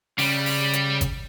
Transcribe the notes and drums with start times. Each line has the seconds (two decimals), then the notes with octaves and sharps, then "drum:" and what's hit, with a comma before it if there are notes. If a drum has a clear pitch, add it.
0.19 C#3 G3, drum: open hi-hat
0.46 drum: open hi-hat
0.73 drum: hi-hat
1.01 drum: kick G1, hi-hat